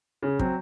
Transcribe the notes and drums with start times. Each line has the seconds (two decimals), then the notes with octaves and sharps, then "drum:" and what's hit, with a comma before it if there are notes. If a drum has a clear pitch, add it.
0.23 C#3
0.39 F#3 C4, drum: kick